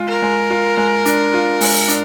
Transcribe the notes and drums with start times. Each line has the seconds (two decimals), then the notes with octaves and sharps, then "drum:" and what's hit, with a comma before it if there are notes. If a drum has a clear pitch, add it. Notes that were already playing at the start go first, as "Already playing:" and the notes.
Already playing: G#3 F4
0.09 A#4
0.22 G#3
0.50 F4
0.77 G#3
1.05 D4, drum: hi-hat
1.34 F4
1.61 G#3, drum: open hi-hat
1.88 D4, drum: hi-hat